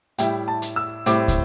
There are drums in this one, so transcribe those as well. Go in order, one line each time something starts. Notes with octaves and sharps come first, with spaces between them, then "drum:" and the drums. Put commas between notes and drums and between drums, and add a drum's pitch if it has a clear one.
A2 G3 E4 G5, drum: hi-hat
A5
drum: hi-hat
E6
A2 G3 C4 D6, drum: hi-hat
drum: kick, hi-hat